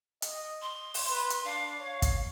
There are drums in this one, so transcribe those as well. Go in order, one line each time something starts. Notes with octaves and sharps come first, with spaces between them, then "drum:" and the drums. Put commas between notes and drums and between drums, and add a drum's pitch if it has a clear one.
D#5, drum: hi-hat
C6
drum: open hi-hat
B4
drum: hi-hat
D4 F5
C#5
drum: kick, hi-hat